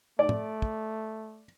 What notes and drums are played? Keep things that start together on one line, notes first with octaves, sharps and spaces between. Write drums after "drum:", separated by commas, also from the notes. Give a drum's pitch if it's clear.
A3 D5
drum: tom
drum: kick